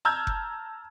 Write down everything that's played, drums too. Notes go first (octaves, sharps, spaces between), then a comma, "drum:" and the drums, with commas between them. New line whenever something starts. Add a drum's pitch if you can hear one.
A5 A#5 E6 F6 G6 G#6
drum: kick F#1